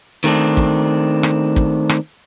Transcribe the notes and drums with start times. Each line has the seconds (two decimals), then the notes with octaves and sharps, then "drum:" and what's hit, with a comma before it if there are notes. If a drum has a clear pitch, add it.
0.24 D#3 A3 C4 D4
0.57 drum: kick
1.23 drum: rim click
1.56 drum: kick
1.89 drum: rim click